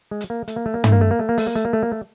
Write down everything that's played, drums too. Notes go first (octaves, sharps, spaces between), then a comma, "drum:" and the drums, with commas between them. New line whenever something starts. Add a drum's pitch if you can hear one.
G#3
drum: hi-hat
A#3
A3, drum: hi-hat
A#3
A3
A#3
A3, drum: tom
A#3
A3
A#3
A3
A#3
A3, drum: open hi-hat
A#3
A3
A#3
A3
A#3
A3